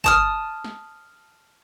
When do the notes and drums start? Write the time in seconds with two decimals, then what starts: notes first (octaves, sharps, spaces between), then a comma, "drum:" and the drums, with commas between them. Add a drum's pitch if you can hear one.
0.04 A5 D#6 F6, drum: kick
0.65 drum: snare